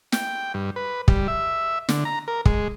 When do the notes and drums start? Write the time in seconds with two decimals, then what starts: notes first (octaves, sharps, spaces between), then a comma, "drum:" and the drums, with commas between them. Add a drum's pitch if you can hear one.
0.12 G5, drum: snare
0.54 G2
0.76 B4
1.08 G3, drum: kick
1.28 E5
1.89 D3, drum: snare
2.05 A#5
2.28 A#4
2.46 G#3, drum: kick